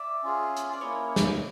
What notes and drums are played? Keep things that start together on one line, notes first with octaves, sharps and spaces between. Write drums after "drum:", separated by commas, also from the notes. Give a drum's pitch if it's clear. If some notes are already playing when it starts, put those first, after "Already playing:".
Already playing: D5 E5
C#4 F4 G#4
drum: hi-hat
D5
A#3 C#4 E4 C#5 D#5
drum: snare